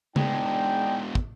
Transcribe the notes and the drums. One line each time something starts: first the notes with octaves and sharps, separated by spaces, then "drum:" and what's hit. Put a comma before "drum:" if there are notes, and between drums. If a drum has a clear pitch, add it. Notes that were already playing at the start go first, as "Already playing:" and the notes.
B2 G#3 D4 D#4 G5, drum: tom C#3
drum: kick